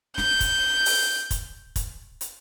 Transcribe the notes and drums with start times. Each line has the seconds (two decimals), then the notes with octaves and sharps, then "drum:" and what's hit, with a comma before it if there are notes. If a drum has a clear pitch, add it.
0.18 G6, drum: snare
0.40 drum: kick, hi-hat
0.86 drum: open hi-hat
1.31 drum: kick, hi-hat
1.76 drum: kick, hi-hat
2.21 drum: hi-hat